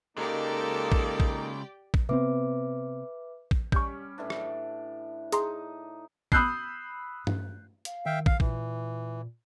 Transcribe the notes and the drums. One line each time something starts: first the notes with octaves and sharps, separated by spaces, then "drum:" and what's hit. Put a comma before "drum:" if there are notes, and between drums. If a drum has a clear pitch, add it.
C#3 G#3 A#3 D#4 G4 A4 D5 G5
drum: kick
drum: kick
drum: kick
C3 B3 C4 B4 E5 D6
drum: kick
G3 C#4 C#6 G6, drum: kick
A2 E3 D4
drum: rim click
D#4 G#4 A#5 C6, drum: hi-hat
B5 D#6 E6 F#6 G6 C7, drum: kick
drum: tom G2
F5, drum: hi-hat
D#3 E5 F5 G5
F5, drum: kick
A#2 E3, drum: kick